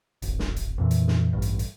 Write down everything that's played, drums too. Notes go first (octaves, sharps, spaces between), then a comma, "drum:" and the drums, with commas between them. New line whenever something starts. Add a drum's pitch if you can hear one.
D1 G#1, drum: hi-hat
drum: snare
drum: hi-hat
F2 A#2 E3
drum: hi-hat
drum: snare
A1 G2
drum: hi-hat
drum: hi-hat